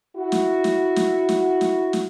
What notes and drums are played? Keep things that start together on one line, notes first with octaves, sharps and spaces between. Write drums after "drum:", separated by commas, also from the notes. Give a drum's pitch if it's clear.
E4 F#4
drum: snare
drum: snare
drum: snare
drum: snare
drum: snare
drum: snare